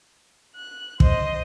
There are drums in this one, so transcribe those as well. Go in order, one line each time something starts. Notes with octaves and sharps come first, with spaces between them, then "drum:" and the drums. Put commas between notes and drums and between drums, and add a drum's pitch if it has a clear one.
F#6
C5 D#5, drum: kick